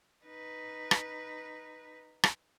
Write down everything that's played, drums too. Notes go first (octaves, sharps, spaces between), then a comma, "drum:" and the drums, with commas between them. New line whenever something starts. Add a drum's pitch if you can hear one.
D#4 B4
drum: rim click
drum: rim click